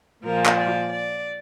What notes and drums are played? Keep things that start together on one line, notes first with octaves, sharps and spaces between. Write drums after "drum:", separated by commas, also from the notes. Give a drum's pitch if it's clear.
A#2 F3 G#3 A#4
drum: clap
D5
D5